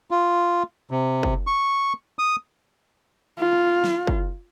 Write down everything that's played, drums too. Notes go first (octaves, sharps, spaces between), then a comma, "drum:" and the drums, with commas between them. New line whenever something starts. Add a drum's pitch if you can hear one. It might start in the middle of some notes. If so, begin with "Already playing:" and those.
F4
C3
drum: kick
C#6
D#6
F4
drum: snare
drum: kick